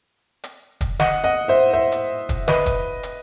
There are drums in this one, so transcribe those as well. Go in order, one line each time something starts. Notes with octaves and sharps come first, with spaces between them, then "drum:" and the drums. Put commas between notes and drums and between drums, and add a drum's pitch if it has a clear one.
drum: hi-hat
drum: kick, hi-hat
D#5 F#5, drum: snare
D#5 F#5
C5 E5
C5 E5
drum: hi-hat
drum: kick, hi-hat
B4 D#5, drum: snare
drum: kick, hi-hat
drum: hi-hat